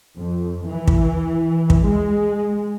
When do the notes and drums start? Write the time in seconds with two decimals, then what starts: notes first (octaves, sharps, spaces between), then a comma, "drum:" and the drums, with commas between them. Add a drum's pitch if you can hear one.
0.17 F2
0.67 E3
0.88 drum: kick
1.70 drum: kick
1.87 G#3